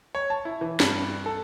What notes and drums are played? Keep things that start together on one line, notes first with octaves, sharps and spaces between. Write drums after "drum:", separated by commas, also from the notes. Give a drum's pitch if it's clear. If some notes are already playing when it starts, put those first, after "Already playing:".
C#5
A5
E4
E3
G2, drum: snare
A4